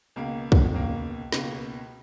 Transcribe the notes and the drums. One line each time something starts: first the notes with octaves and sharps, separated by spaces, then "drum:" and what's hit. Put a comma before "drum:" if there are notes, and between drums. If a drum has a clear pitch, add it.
C#2 B2 A#3
drum: kick
C#2 B2 A#3
C#2 B2 A#3, drum: snare